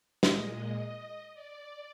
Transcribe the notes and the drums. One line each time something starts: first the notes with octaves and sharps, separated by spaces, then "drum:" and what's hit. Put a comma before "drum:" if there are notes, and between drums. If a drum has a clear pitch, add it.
A#2 G#3 D#5, drum: snare
D5